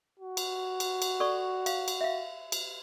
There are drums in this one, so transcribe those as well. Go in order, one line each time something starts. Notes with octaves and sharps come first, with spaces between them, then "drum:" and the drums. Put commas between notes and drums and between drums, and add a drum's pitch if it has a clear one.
F#4
drum: cymbal
drum: cymbal
drum: cymbal
A4 D5 C#6
F5, drum: cymbal
drum: cymbal
E5 F5
drum: cymbal